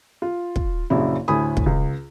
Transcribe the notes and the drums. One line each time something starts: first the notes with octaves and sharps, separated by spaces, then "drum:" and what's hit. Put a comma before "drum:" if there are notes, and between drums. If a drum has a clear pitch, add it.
F4
drum: kick
A#1 F#2 C#3 E4
D2 A2 G#5 B5 D#6
drum: kick
C#2